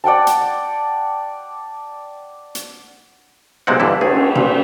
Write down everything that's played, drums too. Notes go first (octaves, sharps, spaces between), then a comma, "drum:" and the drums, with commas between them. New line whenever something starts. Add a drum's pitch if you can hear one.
D5 F#5 G5 A5
drum: hi-hat
drum: hi-hat
B1 C3 G#3 A#3 C4 F#5
G2 D3 E3 E4
A3 G#4, drum: cymbal
A#2, drum: tom B2